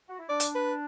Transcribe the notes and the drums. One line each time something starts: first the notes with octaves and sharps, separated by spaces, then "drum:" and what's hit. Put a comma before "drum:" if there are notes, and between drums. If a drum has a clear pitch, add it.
F#4
E4
D4 D5
drum: hi-hat
B4